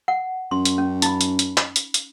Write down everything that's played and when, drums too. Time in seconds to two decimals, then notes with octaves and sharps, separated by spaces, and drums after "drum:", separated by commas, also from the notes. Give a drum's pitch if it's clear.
0.08 F#5
0.51 F#2 C6
0.65 drum: hi-hat
0.78 C#4
1.02 D#4 B5, drum: hi-hat
1.21 drum: hi-hat
1.39 drum: hi-hat
1.57 drum: clap
1.76 drum: hi-hat
1.94 drum: hi-hat